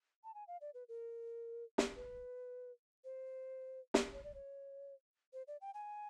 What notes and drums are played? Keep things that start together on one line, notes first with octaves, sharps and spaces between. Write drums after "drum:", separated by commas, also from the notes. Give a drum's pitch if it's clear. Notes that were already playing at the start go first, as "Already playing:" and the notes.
A5
G#5
F5
D5
B4
A#4
drum: snare
B4
C5
drum: snare
C#5
D5
C#5
C5
D5
G5
G#5